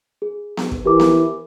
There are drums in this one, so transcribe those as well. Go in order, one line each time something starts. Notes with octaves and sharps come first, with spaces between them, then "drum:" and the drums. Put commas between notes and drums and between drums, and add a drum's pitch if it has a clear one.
G#4
drum: snare B3
drum: kick
E3 G4 A#4 D6
drum: snare B3